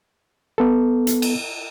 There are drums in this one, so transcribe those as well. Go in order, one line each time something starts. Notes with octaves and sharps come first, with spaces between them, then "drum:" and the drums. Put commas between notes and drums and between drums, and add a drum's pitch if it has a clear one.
B3 A4
drum: hi-hat
drum: cymbal